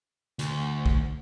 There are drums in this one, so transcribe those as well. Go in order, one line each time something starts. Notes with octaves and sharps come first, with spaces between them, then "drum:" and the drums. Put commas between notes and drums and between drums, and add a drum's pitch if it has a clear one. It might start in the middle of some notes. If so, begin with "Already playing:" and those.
D2, drum: hi-hat
drum: kick